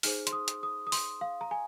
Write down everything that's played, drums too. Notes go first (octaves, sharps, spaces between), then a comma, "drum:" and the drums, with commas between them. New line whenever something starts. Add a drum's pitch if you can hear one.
D#4 G#4 C5 F6, drum: open hi-hat
C6, drum: hi-hat
D#6
drum: hi-hat
D#6
D#6
C6, drum: open hi-hat
F5
A#5
G#5